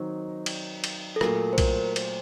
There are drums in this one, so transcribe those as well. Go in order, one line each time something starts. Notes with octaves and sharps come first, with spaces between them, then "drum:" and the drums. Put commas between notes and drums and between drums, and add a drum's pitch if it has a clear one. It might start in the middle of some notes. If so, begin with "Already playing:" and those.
Already playing: D#3 F#3 C4 D#4
drum: cymbal
drum: cymbal
A4
A#2 F#3 A3 A#4, drum: rim click
C5
A#4, drum: kick B1, cymbal
C5, drum: cymbal